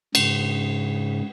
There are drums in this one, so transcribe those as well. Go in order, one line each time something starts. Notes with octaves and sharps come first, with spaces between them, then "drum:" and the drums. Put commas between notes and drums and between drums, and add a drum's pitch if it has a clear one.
G#2 C#3, drum: cymbal